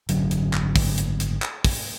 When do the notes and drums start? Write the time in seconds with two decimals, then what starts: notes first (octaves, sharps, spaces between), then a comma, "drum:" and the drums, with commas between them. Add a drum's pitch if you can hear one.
0.09 G#1 D3 F#3, drum: hi-hat
0.31 drum: hi-hat
0.53 drum: clap
0.76 drum: kick, open hi-hat
0.98 drum: hi-hat
1.20 drum: hi-hat
1.42 drum: clap
1.65 drum: kick, open hi-hat